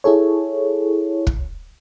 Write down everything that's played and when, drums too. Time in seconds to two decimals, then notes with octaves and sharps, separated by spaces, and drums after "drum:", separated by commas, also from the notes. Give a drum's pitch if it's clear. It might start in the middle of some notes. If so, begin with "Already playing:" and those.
0.04 E4 G#4 A4 C#5
1.27 drum: kick